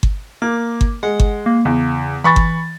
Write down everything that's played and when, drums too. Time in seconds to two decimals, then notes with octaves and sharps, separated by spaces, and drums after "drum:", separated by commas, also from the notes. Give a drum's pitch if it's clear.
0.03 drum: kick G1
0.42 A#3 D6
0.81 drum: kick G1
1.03 G#3 F#5
1.20 drum: kick G1
1.46 A#3
1.65 E2 C#3
2.24 E3 B5 C#6 A6
2.36 drum: kick G1